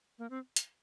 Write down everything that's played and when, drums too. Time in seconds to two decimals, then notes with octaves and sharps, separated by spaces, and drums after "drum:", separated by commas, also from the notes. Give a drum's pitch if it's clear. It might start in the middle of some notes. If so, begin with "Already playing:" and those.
0.19 A#3
0.30 C4
0.57 drum: hi-hat